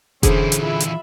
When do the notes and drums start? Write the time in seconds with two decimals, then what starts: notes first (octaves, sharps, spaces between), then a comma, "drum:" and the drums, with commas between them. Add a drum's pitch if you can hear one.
0.23 A#2 D3 E3 C#4 E4 G#4 C5, drum: kick F1, hi-hat
0.52 drum: hi-hat
0.62 F4 E5 B5
0.80 drum: hi-hat